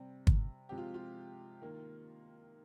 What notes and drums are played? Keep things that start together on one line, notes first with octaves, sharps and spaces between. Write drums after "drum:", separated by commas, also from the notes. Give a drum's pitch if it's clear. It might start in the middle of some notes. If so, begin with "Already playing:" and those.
Already playing: C3 G3 C4
drum: kick
C3 F3 G#3 C4 G4
F4
F4
D#3 A#3